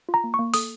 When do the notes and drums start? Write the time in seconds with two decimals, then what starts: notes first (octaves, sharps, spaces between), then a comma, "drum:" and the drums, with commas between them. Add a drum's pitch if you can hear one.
0.09 F4
0.14 A#5
0.24 A#3
0.34 A#3 C#6
0.54 A4 D#6, drum: open hi-hat